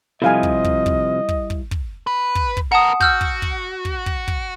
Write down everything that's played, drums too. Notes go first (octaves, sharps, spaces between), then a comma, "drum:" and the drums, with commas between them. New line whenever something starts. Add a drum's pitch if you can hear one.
C3 F3 G3 E4 A4 D#5 F5 G#5
drum: kick
drum: kick
drum: kick
drum: kick
drum: kick
drum: kick
B4
drum: kick
drum: kick
B3 A#4 F#5 A5 D#6
F#4 E6 F6 G6, drum: kick
drum: kick
drum: kick
drum: kick
drum: kick
drum: kick